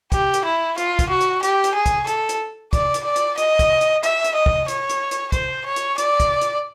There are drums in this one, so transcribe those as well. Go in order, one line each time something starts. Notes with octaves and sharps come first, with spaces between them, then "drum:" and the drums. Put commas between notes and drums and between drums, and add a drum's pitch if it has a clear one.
G4, drum: kick, hi-hat
drum: hi-hat
E4
F4, drum: hi-hat
drum: kick, hi-hat
F#4
drum: hi-hat
G4, drum: hi-hat
drum: hi-hat
G#4
drum: kick, hi-hat
A4, drum: hi-hat
drum: hi-hat
D5, drum: kick, hi-hat
drum: hi-hat
D5
drum: hi-hat
D#5, drum: hi-hat
drum: kick, hi-hat
drum: hi-hat
E5, drum: hi-hat
drum: hi-hat
D#5
drum: kick
C#5, drum: hi-hat
drum: hi-hat
drum: hi-hat
C5, drum: kick, hi-hat
C#5
drum: hi-hat
D5, drum: hi-hat
drum: kick, hi-hat
drum: hi-hat